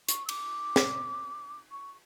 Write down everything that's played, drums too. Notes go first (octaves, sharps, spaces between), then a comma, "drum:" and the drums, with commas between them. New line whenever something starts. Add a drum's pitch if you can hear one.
C#6, drum: hi-hat
E6
D6, drum: cymbal
drum: snare
C#6